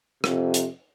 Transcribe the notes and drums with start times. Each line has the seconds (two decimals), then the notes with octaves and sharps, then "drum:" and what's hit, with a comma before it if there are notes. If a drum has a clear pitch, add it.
0.24 F2 C3, drum: rim click
0.54 drum: hi-hat